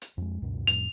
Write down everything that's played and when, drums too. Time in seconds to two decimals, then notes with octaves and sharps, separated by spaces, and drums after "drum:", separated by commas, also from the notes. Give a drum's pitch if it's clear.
0.02 drum: hi-hat
0.17 F2 G#3
0.42 C#2 F#2 B2
0.67 F2 A2 F7, drum: hi-hat